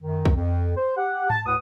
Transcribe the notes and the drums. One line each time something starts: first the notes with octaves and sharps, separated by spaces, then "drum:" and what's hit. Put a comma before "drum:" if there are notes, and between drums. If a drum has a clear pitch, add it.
F#2 D#3
drum: kick B1
F2
C5
G4 F#5
A5, drum: tom G#2
D2 A2 B4 F#5 D#6